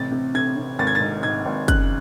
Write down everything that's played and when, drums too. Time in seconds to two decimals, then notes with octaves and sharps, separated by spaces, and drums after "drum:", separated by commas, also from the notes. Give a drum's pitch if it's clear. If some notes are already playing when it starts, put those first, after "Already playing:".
Already playing: A1 C3 A6
0.11 C3
0.34 C3 G#6
0.57 C3
0.79 G#1 A6
0.87 G#6
0.95 A6
1.00 G#2
1.23 G#2 G#6
1.45 G#1
1.68 C#3 F#6, drum: kick, hi-hat